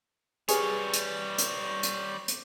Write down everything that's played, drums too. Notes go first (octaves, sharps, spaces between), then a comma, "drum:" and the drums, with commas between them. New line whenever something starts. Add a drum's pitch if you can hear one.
G3 G4 G#4 B4 C#5, drum: hi-hat
drum: hi-hat
drum: hi-hat
drum: hi-hat
drum: hi-hat